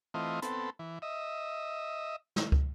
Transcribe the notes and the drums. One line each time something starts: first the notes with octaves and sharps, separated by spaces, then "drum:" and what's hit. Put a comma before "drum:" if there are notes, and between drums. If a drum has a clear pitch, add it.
E3 A3 C4 F4 D#5
B3 C4 A4, drum: hi-hat
E3
D#5 E5
drum: snare
drum: kick